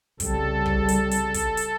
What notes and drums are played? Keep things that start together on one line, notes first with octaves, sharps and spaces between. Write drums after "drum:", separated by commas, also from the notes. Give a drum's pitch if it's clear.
C2 C#3 G3 A4, drum: kick, hi-hat
drum: kick
drum: hi-hat
drum: hi-hat
drum: kick, hi-hat
drum: hi-hat